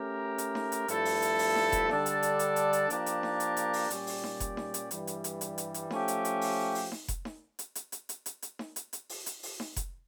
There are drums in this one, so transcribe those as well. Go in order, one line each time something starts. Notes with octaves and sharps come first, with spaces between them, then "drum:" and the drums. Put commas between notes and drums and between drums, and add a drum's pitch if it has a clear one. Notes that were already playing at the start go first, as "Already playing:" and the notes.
Already playing: A3 C#4 G4 A#4
drum: hi-hat
drum: snare D#4
drum: hi-hat
G2 F3 A3 E4 A4, drum: hi-hat
drum: open hi-hat
drum: hi-hat
drum: open hi-hat
drum: snare D#4
drum: kick F1, hi-hat
D3 G3 D4 A4 D5, drum: snare D#4
drum: hi-hat
drum: hi-hat
drum: hi-hat
drum: hi-hat
drum: hi-hat
F3 A#3 D4 G4 A#4, drum: hi-hat
drum: hi-hat
drum: snare D#4
drum: hi-hat
drum: hi-hat
drum: open hi-hat
A#2 G3 C#4 G4 D5, drum: hi-hat
drum: open hi-hat
drum: snare D#4
drum: kick F1, hi-hat
drum: snare D#4
drum: hi-hat
G2 E3 G3, drum: hi-hat
drum: hi-hat
drum: hi-hat
drum: hi-hat
drum: hi-hat
drum: hi-hat
F3 A3 C#4 G4, drum: snare D#4
drum: hi-hat
drum: hi-hat
drum: open hi-hat
drum: open hi-hat
drum: snare D#4
drum: kick F1, hi-hat
drum: snare D#4
drum: hi-hat
drum: hi-hat
drum: hi-hat
drum: hi-hat
drum: hi-hat
drum: hi-hat
drum: snare D#4
drum: hi-hat
drum: hi-hat
drum: open hi-hat
drum: hi-hat
drum: open hi-hat
drum: snare D#4
drum: kick F1, hi-hat